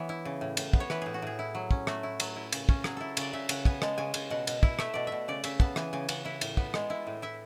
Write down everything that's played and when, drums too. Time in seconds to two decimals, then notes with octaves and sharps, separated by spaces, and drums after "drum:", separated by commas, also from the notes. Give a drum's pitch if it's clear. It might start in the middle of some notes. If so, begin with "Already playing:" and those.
Already playing: E3 B3 B4 C#5
0.09 E4
0.25 C#3
0.41 A2
0.57 A2, drum: cymbal
0.73 B3, drum: kick
0.80 C#5
0.90 E3 B4, drum: rim click
1.02 A2 G#4
1.14 F#4
1.22 A2 G#4
1.39 E4
1.55 F#3
1.71 C#4, drum: kick
1.87 A3 F#4, drum: rim click
2.03 E4
2.20 F#3, drum: cymbal
2.36 E4
2.52 C#3, drum: cymbal
2.69 C#4, drum: kick
2.84 F#3 G#4, drum: rim click
2.97 E4 A4
3.17 C#3 D5, drum: cymbal
3.33 C#3 E5
3.49 C#3 F#5, drum: cymbal
3.65 B3 G#5, drum: kick
3.82 G#3 A5, drum: rim click
3.98 C#3 G#5
4.14 C#3 G#5, drum: cymbal
4.30 B2 F#5
4.47 B2, drum: cymbal
4.63 E4, drum: kick
4.79 A3 E5, drum: rim click
4.94 B2 D5
5.07 B2 E5
5.28 C#3 D5
5.44 C#3 E5, drum: cymbal
5.60 B3 A5, drum: kick
5.76 E3 G#5, drum: rim click
5.93 C#3 G#5
6.09 C#3 F#5, drum: cymbal
6.25 E4 E5
6.41 A2, drum: cymbal
6.57 B3, drum: kick
6.74 G#3, drum: rim click
6.90 E4
7.07 A2
7.22 E4 E5